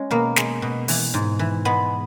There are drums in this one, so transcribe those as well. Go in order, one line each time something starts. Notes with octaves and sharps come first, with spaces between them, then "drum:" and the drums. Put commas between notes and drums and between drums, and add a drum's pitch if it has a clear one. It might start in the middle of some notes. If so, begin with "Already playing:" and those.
Already playing: G#3 C#4
B2 A#3
G#3, drum: snare
B2
E3, drum: open hi-hat
G#2
E3
G#3 B3